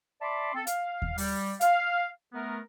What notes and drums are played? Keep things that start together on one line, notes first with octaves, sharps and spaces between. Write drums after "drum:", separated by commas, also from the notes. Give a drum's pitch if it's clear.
D5 E5 A5 B5 C6 D6
C4 A4
F5, drum: hi-hat
drum: kick D#2
G3, drum: open hi-hat
F5, drum: hi-hat
A3 B3 A#4